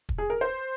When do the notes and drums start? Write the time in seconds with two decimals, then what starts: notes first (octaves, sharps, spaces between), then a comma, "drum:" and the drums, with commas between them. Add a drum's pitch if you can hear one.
0.09 drum: kick
0.18 G#4
0.30 A#4
0.41 C5